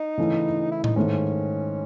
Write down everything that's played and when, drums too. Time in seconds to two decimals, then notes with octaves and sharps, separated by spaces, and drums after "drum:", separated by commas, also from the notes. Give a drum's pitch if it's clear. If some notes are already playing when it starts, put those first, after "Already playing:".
Already playing: D#4
0.18 C#3 E3 A3 C#4 E4
0.72 E4
0.84 D#4, drum: tom A2
0.96 G#2 D#3 A3 C#4